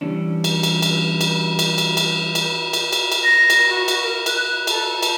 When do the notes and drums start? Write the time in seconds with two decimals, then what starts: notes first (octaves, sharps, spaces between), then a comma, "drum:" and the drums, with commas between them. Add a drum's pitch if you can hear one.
0.01 E3 G3 C#4 D4
0.44 drum: cymbal
0.63 drum: cymbal
0.82 drum: cymbal
1.21 drum: cymbal
1.59 drum: cymbal
1.78 drum: cymbal
1.97 drum: cymbal
2.35 drum: cymbal
2.73 drum: cymbal
2.93 drum: cymbal
3.12 drum: cymbal
3.23 A#6
3.50 drum: cymbal
3.69 F#4
3.88 drum: cymbal
4.02 A#4
4.26 F#6, drum: cymbal
4.67 A4, drum: cymbal
5.03 drum: cymbal